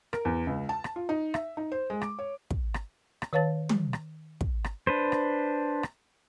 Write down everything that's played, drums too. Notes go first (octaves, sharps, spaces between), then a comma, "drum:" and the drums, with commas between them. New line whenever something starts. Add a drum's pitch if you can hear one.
A#4, drum: rim click
E2
C#2
A5
drum: rim click
F4
D#4
E5, drum: rim click
D#4
C5
G#3
D6, drum: rim click
C#5
drum: kick
drum: rim click
drum: rim click
D#3 B4 C#5 F5 A5 A6
drum: tom
drum: rim click
drum: kick
drum: rim click
D4 B4 C5
drum: rim click
drum: rim click